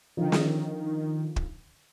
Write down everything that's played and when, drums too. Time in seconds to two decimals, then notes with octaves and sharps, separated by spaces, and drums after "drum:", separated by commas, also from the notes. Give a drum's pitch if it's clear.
0.17 D3 D#3 F3
0.32 drum: snare
1.36 drum: kick